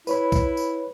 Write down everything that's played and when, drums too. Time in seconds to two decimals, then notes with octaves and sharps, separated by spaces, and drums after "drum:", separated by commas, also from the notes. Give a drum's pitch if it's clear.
0.07 E4 B4 C#5 B5, drum: tambourine
0.32 drum: kick C2, tambourine
0.57 drum: tambourine